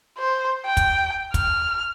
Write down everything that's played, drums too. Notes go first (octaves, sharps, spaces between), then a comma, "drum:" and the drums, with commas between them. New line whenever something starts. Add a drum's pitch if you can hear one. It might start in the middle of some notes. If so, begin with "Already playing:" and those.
C5
G5
drum: kick, hi-hat
F6, drum: kick, hi-hat